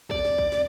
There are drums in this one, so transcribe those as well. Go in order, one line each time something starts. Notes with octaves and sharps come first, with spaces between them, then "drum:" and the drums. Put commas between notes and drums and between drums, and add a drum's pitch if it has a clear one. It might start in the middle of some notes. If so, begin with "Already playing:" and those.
D5, drum: kick
drum: snare
drum: kick
drum: snare